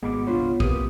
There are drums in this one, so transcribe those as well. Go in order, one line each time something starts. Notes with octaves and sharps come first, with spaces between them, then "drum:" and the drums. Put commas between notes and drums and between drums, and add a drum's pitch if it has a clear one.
G#1 G#2 B2 G#3 B3 B5 D6
G1 C2 D3 F4 C#5 B5 C6
C2 F2 C3 A#3 G4 B4 D#6, drum: kick